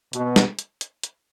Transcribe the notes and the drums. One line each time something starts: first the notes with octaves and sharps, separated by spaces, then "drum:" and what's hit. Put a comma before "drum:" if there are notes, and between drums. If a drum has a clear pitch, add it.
B2, drum: hi-hat
drum: snare
drum: hi-hat
drum: hi-hat
drum: hi-hat